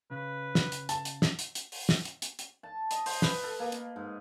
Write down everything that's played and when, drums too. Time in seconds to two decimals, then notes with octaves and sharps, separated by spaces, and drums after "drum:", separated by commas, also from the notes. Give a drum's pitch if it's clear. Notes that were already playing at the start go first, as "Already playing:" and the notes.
0.11 C#3 B4
0.55 drum: snare
0.72 drum: hi-hat
0.89 A5, drum: hi-hat
1.05 drum: hi-hat
1.22 drum: snare
1.39 drum: hi-hat
1.55 drum: hi-hat
1.72 drum: open hi-hat
1.89 drum: snare
2.05 drum: hi-hat
2.22 drum: hi-hat
2.39 drum: hi-hat
2.63 A5
2.91 D#5, drum: hi-hat
3.06 C5, drum: open hi-hat
3.22 B4, drum: snare
3.43 A4
3.59 A#3
3.72 drum: hi-hat
3.96 G#2